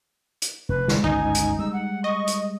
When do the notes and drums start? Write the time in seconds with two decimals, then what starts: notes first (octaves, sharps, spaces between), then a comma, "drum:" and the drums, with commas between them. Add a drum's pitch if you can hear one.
0.42 drum: hi-hat
0.69 F1 B4
0.88 drum: snare
1.04 G1 C#2 G#2 D#4 G#5
1.35 drum: hi-hat
1.59 G3 G#3 E6
1.73 F#5
2.04 D#5 C#6
2.27 drum: hi-hat